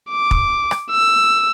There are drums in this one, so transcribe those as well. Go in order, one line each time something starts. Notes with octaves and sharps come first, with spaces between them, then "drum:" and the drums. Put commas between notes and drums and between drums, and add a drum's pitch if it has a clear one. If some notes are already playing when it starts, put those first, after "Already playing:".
D6
drum: kick
drum: rim click
E6